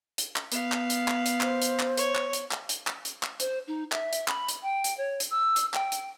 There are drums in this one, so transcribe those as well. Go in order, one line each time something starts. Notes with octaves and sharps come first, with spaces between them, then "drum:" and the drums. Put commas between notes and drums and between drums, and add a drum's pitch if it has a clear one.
drum: hi-hat
drum: clap
B3 F5, drum: hi-hat
drum: clap
drum: hi-hat
drum: clap
drum: hi-hat
C5, drum: clap
drum: hi-hat
drum: clap
C#5, drum: hi-hat
drum: clap
drum: hi-hat
drum: clap
drum: hi-hat
drum: clap
drum: hi-hat
drum: clap
C5, drum: hi-hat
D#4
E5, drum: clap
drum: hi-hat
B5, drum: clap
drum: hi-hat
G5
drum: hi-hat
C#5
drum: hi-hat
E6
drum: hi-hat
G5, drum: clap
drum: hi-hat